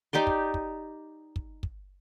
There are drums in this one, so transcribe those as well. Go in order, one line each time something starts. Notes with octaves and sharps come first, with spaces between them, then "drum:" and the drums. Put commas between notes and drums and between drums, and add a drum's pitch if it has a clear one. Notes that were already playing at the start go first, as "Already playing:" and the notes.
D#4 G4 D5 C6
drum: kick
drum: kick
drum: kick
drum: kick